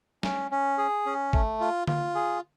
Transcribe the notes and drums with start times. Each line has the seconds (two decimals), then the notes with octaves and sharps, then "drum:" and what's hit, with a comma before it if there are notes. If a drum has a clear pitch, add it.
0.23 C#4, drum: snare
0.51 C#4
0.78 G#4
1.06 C#4
1.33 A3, drum: kick
1.60 F4
1.88 F4, drum: tom D3
2.15 G#4